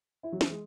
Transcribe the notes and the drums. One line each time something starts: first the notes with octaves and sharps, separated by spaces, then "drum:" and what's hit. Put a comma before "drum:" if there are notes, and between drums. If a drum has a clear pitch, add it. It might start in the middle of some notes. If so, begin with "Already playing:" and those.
E4
F#3
E3, drum: snare
G#3